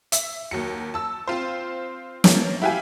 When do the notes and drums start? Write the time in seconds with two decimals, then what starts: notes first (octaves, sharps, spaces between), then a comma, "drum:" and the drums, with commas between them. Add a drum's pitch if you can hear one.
0.12 E5, drum: hi-hat
0.51 D#2 F#3 C#7
0.94 A5 E6
1.27 C4 F4 C5
2.24 E3 F3 A#3 C#4, drum: snare
2.62 E4 F#4 G4 F5 G#5